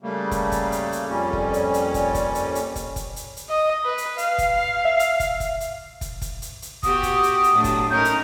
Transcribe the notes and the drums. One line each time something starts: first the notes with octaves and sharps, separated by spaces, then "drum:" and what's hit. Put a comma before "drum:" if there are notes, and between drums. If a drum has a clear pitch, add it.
C#3 G3 A3 A#3
drum: kick, hi-hat
drum: kick, hi-hat
drum: hi-hat
drum: hi-hat
F2 A#2 G3 C#4
drum: kick
drum: hi-hat
drum: hi-hat
drum: kick, hi-hat
drum: kick, hi-hat
drum: hi-hat
drum: hi-hat
drum: kick, hi-hat
drum: kick, hi-hat
drum: hi-hat
drum: hi-hat
D#5
B4
drum: hi-hat
F5, drum: hi-hat
drum: kick, hi-hat
F5
E5
drum: hi-hat
drum: kick, hi-hat
drum: kick, hi-hat
drum: hi-hat
drum: kick, hi-hat
drum: kick, hi-hat
drum: hi-hat
drum: hi-hat
B3 F#4 G4 D#6, drum: kick, hi-hat
drum: kick, hi-hat
drum: hi-hat
drum: hi-hat
A2 F#3 D4
drum: kick, hi-hat
C#4 D#4 A#4 G6
drum: hi-hat